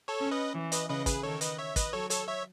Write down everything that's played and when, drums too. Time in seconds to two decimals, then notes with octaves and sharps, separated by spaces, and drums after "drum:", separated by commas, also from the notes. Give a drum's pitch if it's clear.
0.08 A4 C#5
0.20 C#4
0.31 B4 D#5
0.54 E3
0.72 B4 D#5, drum: hi-hat
0.89 C#3 B4 D#5
1.06 G#4 B4, drum: kick, hi-hat
1.23 D#3 A4 C#5
1.41 B4 D#5, drum: hi-hat
1.58 C#5 E5
1.76 B4 D#5, drum: kick, hi-hat
1.93 F#3 A4 C#5
2.10 A4 C#5, drum: hi-hat
2.27 C#5 E5